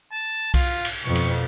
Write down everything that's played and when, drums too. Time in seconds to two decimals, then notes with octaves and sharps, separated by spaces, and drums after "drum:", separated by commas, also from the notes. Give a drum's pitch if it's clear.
0.12 A5
0.54 F4, drum: kick B1, cymbal
0.85 drum: cymbal
1.03 F2 B2 C#6
1.15 drum: cymbal